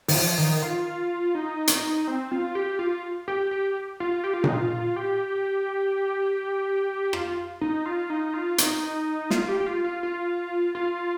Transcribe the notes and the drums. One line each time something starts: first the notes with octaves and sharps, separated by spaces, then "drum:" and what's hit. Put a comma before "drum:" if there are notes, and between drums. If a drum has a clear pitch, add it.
D#3, drum: open hi-hat
F3
D#3
F4
D#4
drum: hi-hat
C4
F4
G4
F4
G4
G4
F4
G4
F4
D#4, drum: tom A#2
F4
G4
F4, drum: rim click
D#4
F4
D#4
F4
D#4, drum: hi-hat
F4, drum: snare
G4
G4
F4
F4
F4
F4